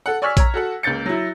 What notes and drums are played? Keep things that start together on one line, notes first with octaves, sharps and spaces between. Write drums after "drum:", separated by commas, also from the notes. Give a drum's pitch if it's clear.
A4 F#5
D5 G#5 C#6 E6 F6 B6
C#5 A#5, drum: kick A#1, hi-hat
F#4 A4 F#5
C#2 A#3 G6 A6 C#7
F#3 E4